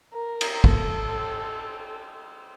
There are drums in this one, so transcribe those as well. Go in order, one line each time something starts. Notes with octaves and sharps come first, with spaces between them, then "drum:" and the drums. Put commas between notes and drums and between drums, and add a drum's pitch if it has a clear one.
A#4
drum: cymbal
A4, drum: kick